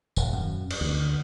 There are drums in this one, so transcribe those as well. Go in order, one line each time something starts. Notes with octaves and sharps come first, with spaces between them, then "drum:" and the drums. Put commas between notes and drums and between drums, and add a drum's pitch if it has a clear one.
D#1, drum: tambourine
F#2
drum: cymbal
D2